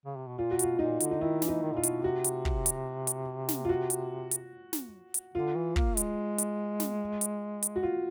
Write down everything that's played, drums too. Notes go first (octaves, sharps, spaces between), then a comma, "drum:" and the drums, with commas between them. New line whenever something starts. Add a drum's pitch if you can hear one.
C#3
C3
B2
A#2 F4
F#4
B2 F4, drum: hi-hat
A#2 D#4
D3, drum: hi-hat
D#4
D#3 E4
E3, drum: snare
D#4
D#3
A#2 F4
B2, drum: hi-hat
C3 F#4
drum: hi-hat
drum: kick
drum: hi-hat
drum: hi-hat
drum: snare
F4
F#4
drum: hi-hat
drum: hi-hat
drum: snare
drum: hi-hat
D3 F4
E3
A#3, drum: kick
G#3, drum: hi-hat
drum: hi-hat
drum: snare
drum: hi-hat
drum: hi-hat
F#4
F4